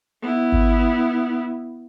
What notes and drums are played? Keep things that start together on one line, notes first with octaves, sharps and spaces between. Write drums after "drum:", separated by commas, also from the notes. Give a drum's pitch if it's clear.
B3 E4
drum: kick G#1